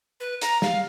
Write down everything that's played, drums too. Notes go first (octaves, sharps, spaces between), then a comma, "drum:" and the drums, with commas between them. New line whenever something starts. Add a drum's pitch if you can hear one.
B4
A#5, drum: hi-hat
F5, drum: snare